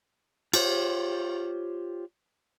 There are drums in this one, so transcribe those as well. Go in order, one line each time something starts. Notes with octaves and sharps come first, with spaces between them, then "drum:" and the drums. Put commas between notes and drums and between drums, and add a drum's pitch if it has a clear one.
F4 G4 C5 C#5, drum: cymbal